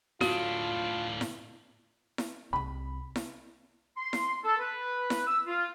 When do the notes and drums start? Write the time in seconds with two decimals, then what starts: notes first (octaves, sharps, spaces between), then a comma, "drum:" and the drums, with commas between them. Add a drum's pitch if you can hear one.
0.21 A2 D4 F4 F#4, drum: snare E4
1.21 drum: snare E4
2.18 drum: snare E4
2.53 C2 C3 B5
3.16 drum: snare E4
3.97 C6
4.13 drum: snare E4
4.44 A4
4.59 B4
5.10 drum: snare E4
5.26 E6
5.46 F4